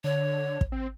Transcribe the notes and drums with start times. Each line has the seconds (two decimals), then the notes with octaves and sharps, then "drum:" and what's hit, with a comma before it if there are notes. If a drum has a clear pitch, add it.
0.04 D3 C#5
0.61 drum: kick
0.72 C4